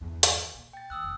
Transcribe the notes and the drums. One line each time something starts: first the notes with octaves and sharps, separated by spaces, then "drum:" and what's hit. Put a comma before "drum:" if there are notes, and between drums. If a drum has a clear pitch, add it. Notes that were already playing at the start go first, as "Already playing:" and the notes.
E2 G2
drum: hi-hat
A#2
G5 A6
D#2 D#6 E6 F#6
F1